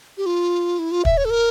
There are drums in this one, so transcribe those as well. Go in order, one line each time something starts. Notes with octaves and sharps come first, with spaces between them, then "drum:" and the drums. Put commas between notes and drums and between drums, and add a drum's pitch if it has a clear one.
G4
F4
E4
F4
E5, drum: kick
C#5
A4
A#4